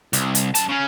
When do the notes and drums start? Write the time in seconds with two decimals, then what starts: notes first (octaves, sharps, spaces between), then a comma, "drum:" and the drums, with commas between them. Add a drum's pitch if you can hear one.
0.13 C2, drum: hi-hat
0.35 drum: hi-hat
0.55 F#2 A5, drum: hi-hat
0.69 C#3 C#4